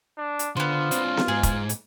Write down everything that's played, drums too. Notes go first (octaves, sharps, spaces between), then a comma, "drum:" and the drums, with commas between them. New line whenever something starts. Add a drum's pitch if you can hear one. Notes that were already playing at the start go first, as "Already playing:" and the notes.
D4
drum: hi-hat
D3 B3 F4 C5
C4 D4, drum: hi-hat
drum: snare B3
G#2 G#4
drum: kick F1, hi-hat
drum: hi-hat